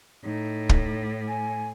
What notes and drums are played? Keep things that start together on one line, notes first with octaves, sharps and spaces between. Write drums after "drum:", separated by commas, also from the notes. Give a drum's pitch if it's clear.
A2 D#4
drum: kick
G#5